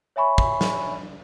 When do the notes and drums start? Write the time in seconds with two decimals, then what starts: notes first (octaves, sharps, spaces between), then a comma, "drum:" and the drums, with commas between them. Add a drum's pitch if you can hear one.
0.16 C#5 E5 G#5 B5 C#6
0.38 drum: kick
0.61 drum: snare